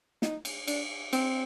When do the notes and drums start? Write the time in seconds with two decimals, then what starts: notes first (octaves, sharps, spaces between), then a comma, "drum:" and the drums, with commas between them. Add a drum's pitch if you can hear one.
0.22 D#4, drum: snare
0.45 drum: cymbal
0.67 D4, drum: cymbal
1.13 C4, drum: cymbal